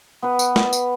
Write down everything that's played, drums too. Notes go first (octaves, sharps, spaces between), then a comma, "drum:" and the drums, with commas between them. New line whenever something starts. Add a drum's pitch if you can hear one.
B3 B4
drum: tambourine
drum: snare
drum: tambourine